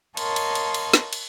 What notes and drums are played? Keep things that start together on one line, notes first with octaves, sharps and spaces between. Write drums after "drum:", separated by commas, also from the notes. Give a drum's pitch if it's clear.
A#4 C#5 D#5 F5 A5 C6, drum: cymbal
drum: cymbal
drum: cymbal
drum: cymbal
drum: snare
drum: cymbal